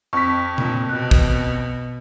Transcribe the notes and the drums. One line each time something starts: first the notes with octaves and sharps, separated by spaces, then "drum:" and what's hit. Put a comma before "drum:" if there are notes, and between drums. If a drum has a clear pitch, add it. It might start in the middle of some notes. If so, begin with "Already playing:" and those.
F2 C#6 B6
A#2, drum: tom C3
B2 F#6
drum: kick